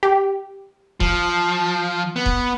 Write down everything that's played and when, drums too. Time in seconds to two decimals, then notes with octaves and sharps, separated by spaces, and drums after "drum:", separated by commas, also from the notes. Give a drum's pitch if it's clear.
0.03 G4
1.00 F3, drum: kick D#1
2.16 B3
2.26 drum: kick D#1